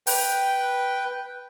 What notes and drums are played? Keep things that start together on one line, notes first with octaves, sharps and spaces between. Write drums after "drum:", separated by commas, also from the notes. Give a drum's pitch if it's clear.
B4 G5, drum: open hi-hat